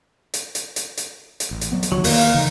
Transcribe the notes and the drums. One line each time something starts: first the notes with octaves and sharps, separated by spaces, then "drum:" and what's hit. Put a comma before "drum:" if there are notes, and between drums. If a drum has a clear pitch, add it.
drum: hi-hat
drum: hi-hat
drum: hi-hat
drum: hi-hat
drum: hi-hat
A1
drum: hi-hat
F#3 B3
drum: hi-hat
C#2 D#3 F#3
E2 D#3 E3 A#3, drum: open hi-hat
F5
C#3 E3 F3 D#4